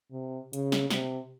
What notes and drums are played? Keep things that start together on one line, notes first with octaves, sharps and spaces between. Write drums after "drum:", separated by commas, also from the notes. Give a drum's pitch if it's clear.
C3
C#3, drum: hi-hat
drum: snare
C3, drum: snare